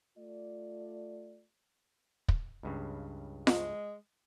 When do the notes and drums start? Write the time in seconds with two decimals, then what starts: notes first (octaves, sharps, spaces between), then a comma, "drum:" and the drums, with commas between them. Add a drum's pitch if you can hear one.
0.18 A3 F4 D5
2.28 drum: kick
2.63 C#2 G2 C#3
3.47 G#3, drum: snare F4